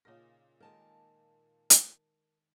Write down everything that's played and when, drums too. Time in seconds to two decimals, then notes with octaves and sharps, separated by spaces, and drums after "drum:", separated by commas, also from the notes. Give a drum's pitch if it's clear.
0.05 A#2 C#3 D#4 A#4 A#6
0.60 D#3 G#3 A#4 A5
1.70 drum: hi-hat